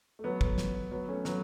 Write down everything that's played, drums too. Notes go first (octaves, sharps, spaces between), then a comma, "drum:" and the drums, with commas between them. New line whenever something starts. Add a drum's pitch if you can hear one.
A3
F#3 B3
drum: kick
drum: snare
F#3 B3
A3 C#4
F#3 B3, drum: snare